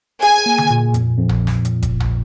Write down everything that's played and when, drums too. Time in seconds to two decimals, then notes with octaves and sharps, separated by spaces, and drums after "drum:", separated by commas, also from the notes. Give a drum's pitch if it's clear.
0.22 G#4 G#5, drum: hi-hat
0.46 A#3
0.58 drum: tom D3
0.70 A#2
0.94 F2, drum: hi-hat
1.18 F2
1.29 drum: tom A#1
1.47 drum: snare
1.65 drum: hi-hat
1.82 drum: kick F1, hi-hat
2.00 drum: tom A#1